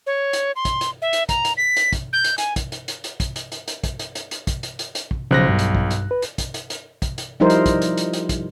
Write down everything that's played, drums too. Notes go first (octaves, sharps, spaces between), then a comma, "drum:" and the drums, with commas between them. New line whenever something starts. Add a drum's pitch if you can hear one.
C#5
drum: hi-hat
C6
drum: kick, hi-hat
drum: hi-hat
E5
drum: hi-hat
A#5, drum: kick, hi-hat
drum: hi-hat
B6
drum: hi-hat
drum: kick, hi-hat
G6
drum: hi-hat
G#5, drum: hi-hat
drum: kick, hi-hat
drum: hi-hat
drum: hi-hat
drum: hi-hat
drum: kick, hi-hat
drum: hi-hat
drum: hi-hat
drum: hi-hat
drum: kick, hi-hat
drum: hi-hat
drum: hi-hat
drum: hi-hat
drum: kick, hi-hat
drum: hi-hat
drum: hi-hat
drum: hi-hat
drum: kick
B1 C#3 F3 C5 F#6 A#6
G2
drum: hi-hat
drum: kick
drum: hi-hat
B4
drum: hi-hat
drum: kick, hi-hat
drum: hi-hat
drum: hi-hat
drum: kick, hi-hat
drum: hi-hat
F3 G3 D#4 E4 A#4 C5
drum: hi-hat
drum: kick, hi-hat
drum: hi-hat
drum: hi-hat
drum: hi-hat
drum: kick, hi-hat